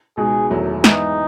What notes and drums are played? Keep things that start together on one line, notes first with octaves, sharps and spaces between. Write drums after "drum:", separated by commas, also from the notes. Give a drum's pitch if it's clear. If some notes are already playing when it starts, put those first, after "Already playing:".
C#2 B2 G#3 D#4 G#4
E1 E2 D#3 F#3 A3
G#2 E3 B3 D#4 E4, drum: snare